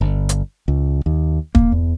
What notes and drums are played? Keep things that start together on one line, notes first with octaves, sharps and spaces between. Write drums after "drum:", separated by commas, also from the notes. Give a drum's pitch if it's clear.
G1
drum: hi-hat
C#2
D#2
A#3, drum: kick
E2